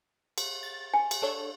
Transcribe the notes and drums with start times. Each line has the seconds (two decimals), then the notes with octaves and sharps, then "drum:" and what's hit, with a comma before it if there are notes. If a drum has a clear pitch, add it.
0.38 drum: cymbal
0.63 A6
0.94 G#5
1.11 drum: cymbal
1.22 D4 A4 C#5